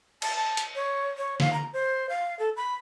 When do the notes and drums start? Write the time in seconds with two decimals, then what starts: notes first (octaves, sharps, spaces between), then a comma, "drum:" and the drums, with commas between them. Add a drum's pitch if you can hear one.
0.22 A5, drum: cymbal
0.36 A5
0.57 drum: hi-hat
0.75 C#5
1.17 C#5
1.40 F5, drum: snare
1.53 A#5
1.73 C5
2.09 F5
2.39 A4
2.56 B5